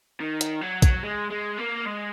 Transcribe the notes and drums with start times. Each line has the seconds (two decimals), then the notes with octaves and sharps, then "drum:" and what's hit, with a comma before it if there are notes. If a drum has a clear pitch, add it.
0.20 D#3
0.41 drum: hi-hat
0.61 F#3
0.82 drum: kick, hi-hat
1.04 G#3
1.31 G#3
1.59 A#3
1.86 G#3